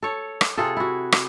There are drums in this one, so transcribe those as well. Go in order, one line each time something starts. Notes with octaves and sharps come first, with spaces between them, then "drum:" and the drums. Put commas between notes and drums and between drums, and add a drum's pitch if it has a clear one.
A4 C#5
drum: rim click
C3 F4 G#4 A4
E4 F#4
drum: rim click